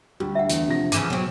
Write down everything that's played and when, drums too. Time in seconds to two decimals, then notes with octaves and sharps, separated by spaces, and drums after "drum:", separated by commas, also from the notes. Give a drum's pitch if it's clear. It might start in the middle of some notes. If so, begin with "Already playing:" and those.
0.20 D2 G3
0.35 E5 F#5
0.50 E2, drum: hi-hat
0.66 C3 F3 A#6
0.92 C#3 E3 F3 D6 D#7 E7, drum: hi-hat
1.10 B2 F#3 C4